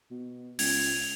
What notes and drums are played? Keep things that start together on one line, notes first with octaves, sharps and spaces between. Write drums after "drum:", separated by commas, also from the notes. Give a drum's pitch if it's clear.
B2
C#2 G#6 F7, drum: open hi-hat
F7